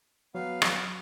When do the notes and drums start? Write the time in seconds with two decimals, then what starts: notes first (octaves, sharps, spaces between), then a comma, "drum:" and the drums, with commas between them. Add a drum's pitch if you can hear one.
0.35 F#3 B3 F5
0.62 drum: rim click